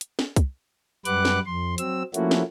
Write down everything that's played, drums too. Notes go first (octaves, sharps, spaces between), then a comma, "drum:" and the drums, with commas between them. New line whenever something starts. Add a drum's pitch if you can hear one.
drum: hi-hat
drum: snare
drum: kick, hi-hat
F#2 G3 B4 F#5 D6 F#6, drum: hi-hat
drum: snare
F2 C6
F#3 C4 E6, drum: hi-hat
F3 A3 A#3 C#4 E4 F#4, drum: hi-hat
drum: snare